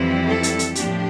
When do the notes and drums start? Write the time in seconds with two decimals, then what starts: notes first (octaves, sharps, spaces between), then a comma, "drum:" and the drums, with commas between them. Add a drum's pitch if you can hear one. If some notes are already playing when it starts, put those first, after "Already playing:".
Already playing: F2 E3 G3 C4 E4
0.28 A4
0.43 drum: hi-hat
0.59 drum: hi-hat
0.75 A2 F3 A#3 D4 G4, drum: hi-hat